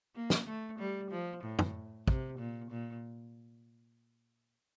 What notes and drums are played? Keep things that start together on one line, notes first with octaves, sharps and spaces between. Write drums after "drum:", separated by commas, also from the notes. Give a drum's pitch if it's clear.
A#3
drum: snare
A3
G3
F3
A2
drum: tom
C3, drum: kick
A#2
A#2